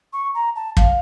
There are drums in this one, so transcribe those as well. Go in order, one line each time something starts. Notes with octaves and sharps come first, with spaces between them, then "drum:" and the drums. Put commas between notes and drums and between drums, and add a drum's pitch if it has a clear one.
C#6
A#5
A5
F5, drum: kick